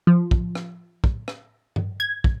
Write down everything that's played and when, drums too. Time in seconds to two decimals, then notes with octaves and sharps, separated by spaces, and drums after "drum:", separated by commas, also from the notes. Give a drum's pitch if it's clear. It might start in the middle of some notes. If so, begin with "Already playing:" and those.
0.07 F3
0.31 drum: kick
0.55 drum: rim click
1.04 drum: kick
1.28 drum: rim click
1.76 drum: tom G2
2.00 G#6
2.24 drum: kick